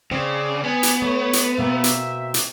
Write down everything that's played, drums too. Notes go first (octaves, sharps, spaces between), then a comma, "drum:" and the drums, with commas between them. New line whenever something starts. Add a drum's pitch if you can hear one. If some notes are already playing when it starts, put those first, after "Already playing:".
C#3 C4 D5
B3 G#5
drum: hi-hat
A3 C#5
drum: hi-hat
B2 A#3 C4 E5
drum: hi-hat
drum: hi-hat